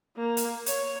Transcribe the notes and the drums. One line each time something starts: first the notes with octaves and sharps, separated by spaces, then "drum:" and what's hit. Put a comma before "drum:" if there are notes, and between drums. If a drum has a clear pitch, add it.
A#3
drum: hi-hat
C#5, drum: hi-hat